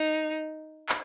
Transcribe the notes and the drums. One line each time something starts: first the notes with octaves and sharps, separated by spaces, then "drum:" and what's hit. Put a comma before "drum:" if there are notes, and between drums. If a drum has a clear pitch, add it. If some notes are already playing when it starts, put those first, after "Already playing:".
Already playing: D#4
drum: clap